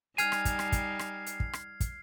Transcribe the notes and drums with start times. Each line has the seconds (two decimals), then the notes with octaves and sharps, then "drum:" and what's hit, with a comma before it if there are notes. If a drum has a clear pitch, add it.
0.18 G3 D#4 G#5 F6 G#6 C7 F7, drum: hi-hat
0.32 drum: rim click
0.45 drum: kick, hi-hat
0.59 drum: rim click
0.72 drum: kick, hi-hat
0.99 drum: rim click
1.26 drum: hi-hat
1.40 drum: kick
1.53 drum: rim click
1.80 drum: kick, hi-hat